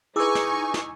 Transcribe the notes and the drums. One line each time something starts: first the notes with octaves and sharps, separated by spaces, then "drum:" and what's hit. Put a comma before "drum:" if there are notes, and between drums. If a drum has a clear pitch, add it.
D#4 E4 G#4 B4 G#5 C#6 D6 E6
drum: snare
drum: snare